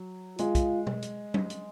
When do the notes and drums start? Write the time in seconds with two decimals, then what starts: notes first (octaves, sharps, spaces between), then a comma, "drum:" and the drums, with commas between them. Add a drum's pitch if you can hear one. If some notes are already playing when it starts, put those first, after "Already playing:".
Already playing: F#3
0.39 G#3 F4, drum: hi-hat
0.55 drum: kick, hi-hat
0.87 drum: tom B2
1.02 drum: hi-hat
1.34 drum: tom F#3
1.50 drum: hi-hat